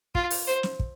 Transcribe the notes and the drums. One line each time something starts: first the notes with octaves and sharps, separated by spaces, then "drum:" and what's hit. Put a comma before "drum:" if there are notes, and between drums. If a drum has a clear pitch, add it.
F4, drum: kick
drum: open hi-hat
C5
drum: snare
drum: kick